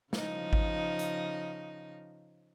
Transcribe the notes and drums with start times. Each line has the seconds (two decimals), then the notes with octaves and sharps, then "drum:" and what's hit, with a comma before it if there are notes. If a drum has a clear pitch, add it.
0.13 C#3 F3 D#4, drum: snare
0.53 drum: kick G#1
0.99 drum: hi-hat